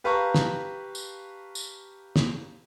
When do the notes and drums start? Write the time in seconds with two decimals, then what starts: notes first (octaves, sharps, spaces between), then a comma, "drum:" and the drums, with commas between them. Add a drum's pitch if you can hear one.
0.04 G4 B4 F5 A5 A#5 C#6
0.34 drum: snare
0.95 drum: tambourine
1.55 drum: tambourine
2.16 drum: snare